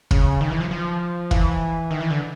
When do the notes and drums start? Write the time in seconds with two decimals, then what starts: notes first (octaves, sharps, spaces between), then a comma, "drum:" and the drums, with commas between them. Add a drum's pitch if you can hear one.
0.11 C#3, drum: kick
0.41 D#3
0.51 E3
0.60 F3
0.71 F3
1.31 E3, drum: kick
1.91 D#3
2.01 E3
2.11 D3